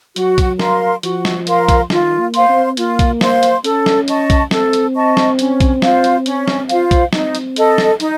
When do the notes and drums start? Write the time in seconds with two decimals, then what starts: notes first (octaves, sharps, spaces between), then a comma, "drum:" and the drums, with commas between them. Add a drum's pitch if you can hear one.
0.16 F#3 F#4, drum: hi-hat
0.38 drum: kick B1, hi-hat
0.59 A#4 F5 C6, drum: snare
1.03 F3 F#4, drum: hi-hat
1.25 drum: snare
1.47 A#4 F5 C6, drum: hi-hat
1.69 drum: kick B1, hi-hat
1.90 D#3 F4, drum: snare
2.19 A#3
2.34 C5 F5 C6, drum: hi-hat
2.49 C4
2.77 A#3 F4, drum: hi-hat
2.99 drum: kick B1, hi-hat
3.21 C5 F5 C6, drum: snare
3.43 drum: hi-hat
3.64 C#4 A4, drum: hi-hat
3.86 drum: snare
4.08 D#5 A5 C#6, drum: hi-hat
4.30 drum: kick B1, hi-hat
4.51 C4 A4, drum: snare
4.73 drum: hi-hat
4.95 D#5 A5 C#6
5.17 drum: snare
5.39 C#4, drum: hi-hat
5.60 drum: kick B1, hi-hat
5.82 F4 C5 F5, drum: snare
6.04 drum: hi-hat
6.26 C#4, drum: hi-hat
6.48 drum: snare
6.69 F4 C5 F5, drum: hi-hat
6.91 drum: kick B1, hi-hat
7.13 C4 D#4, drum: snare
7.35 drum: hi-hat
7.56 A4 D#5, drum: hi-hat
7.78 drum: snare
8.00 D#4, drum: hi-hat